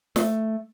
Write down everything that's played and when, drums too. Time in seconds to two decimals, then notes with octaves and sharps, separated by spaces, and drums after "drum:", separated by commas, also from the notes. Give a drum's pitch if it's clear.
0.16 A3, drum: snare